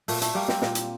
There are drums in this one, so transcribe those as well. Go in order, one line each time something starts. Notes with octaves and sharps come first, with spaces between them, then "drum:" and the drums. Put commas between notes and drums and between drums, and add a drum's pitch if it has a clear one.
A#2 A3, drum: open hi-hat
A3, drum: hi-hat
G3 A#3
C4, drum: snare
A#2, drum: snare
drum: hi-hat